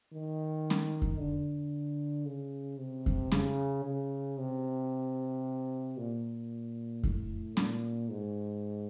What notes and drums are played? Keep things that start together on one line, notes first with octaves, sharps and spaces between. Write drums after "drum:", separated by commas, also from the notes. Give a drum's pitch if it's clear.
D#3
drum: snare C#4
drum: kick F2
D3
C#3
C3
drum: kick F2
C#3, drum: snare C#4
C#3
C3
A#2
A2, drum: kick F2
A#2, drum: snare C#4
G#2